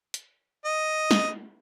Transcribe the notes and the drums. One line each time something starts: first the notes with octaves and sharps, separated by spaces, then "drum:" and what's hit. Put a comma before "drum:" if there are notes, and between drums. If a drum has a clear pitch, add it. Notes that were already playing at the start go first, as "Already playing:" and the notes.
drum: hi-hat
D#5
drum: snare